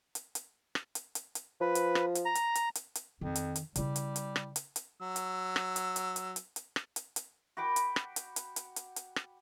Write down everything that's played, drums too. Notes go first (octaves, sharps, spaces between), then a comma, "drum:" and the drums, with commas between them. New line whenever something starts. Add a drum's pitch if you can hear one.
drum: hi-hat
drum: hi-hat
drum: rim click
drum: hi-hat
drum: hi-hat
drum: hi-hat
F3 B4
drum: hi-hat
drum: rim click
drum: hi-hat
A#5
drum: hi-hat
drum: hi-hat
drum: hi-hat
drum: hi-hat
F2 D#3
drum: hi-hat
drum: hi-hat
C#3 G3 E4, drum: hi-hat
drum: hi-hat
drum: hi-hat
drum: rim click
drum: hi-hat
drum: hi-hat
F#3 E6
drum: hi-hat
drum: rim click
drum: hi-hat
drum: hi-hat
drum: hi-hat
drum: hi-hat
drum: hi-hat
drum: rim click
drum: hi-hat
drum: hi-hat
F#4 G5 B5 D6
drum: hi-hat
drum: rim click
drum: hi-hat
drum: hi-hat
drum: hi-hat
drum: hi-hat
drum: hi-hat
drum: rim click